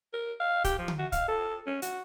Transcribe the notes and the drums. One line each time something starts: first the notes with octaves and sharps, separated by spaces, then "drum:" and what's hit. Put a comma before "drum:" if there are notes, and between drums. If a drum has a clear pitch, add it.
A#4
F5
G4, drum: kick, hi-hat
F3
drum: tom D3
F#4
F5, drum: kick, hi-hat
A4
C#4
F#4, drum: hi-hat